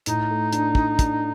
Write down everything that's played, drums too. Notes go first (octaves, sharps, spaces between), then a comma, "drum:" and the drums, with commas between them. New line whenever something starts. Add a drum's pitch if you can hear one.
A2 D#4, drum: hi-hat
A3
D4, drum: hi-hat
D4, drum: kick
D4, drum: kick, hi-hat